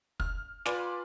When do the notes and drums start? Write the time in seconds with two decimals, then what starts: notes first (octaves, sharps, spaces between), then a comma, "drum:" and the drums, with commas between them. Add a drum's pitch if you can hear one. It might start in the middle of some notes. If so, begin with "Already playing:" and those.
0.20 F6, drum: kick
0.65 F4 B4 D5 G#5 C6, drum: snare